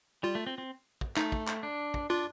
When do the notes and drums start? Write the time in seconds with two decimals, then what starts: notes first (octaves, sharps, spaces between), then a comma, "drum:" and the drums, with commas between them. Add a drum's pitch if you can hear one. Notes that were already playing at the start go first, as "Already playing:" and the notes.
0.23 G3 F4
0.35 A3
0.47 C4
0.58 C4
1.01 drum: kick
1.17 A3 D#4, drum: clap
1.32 drum: kick
1.48 drum: clap
1.63 D4
1.94 drum: kick
2.10 D4 F4